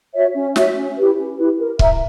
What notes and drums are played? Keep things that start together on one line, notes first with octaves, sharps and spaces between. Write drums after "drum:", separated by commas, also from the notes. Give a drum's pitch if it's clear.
F#4 C#5 E5
C#4
F#4 C#5 E5, drum: snare
C#4
E4 G4 B4
C#4
E4 G4 B4
A#4
E5 A#5, drum: kick